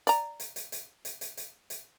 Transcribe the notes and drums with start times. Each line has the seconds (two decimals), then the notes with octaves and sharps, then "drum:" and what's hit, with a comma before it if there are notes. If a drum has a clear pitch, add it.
0.07 D5 A#5, drum: hi-hat
0.40 drum: hi-hat
0.56 drum: hi-hat
0.72 drum: hi-hat
1.05 drum: hi-hat
1.21 drum: hi-hat
1.37 drum: hi-hat
1.70 drum: hi-hat